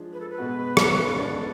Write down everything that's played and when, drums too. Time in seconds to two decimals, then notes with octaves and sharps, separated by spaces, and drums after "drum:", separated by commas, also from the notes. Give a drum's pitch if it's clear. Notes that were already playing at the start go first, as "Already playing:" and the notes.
Already playing: F3 G#3 D4
0.13 B4
0.21 A4
0.29 B4
0.38 B2 G#3 B3 F#4
0.77 drum: rim click
1.10 F5
1.15 D3 G#3 B3 D4 D5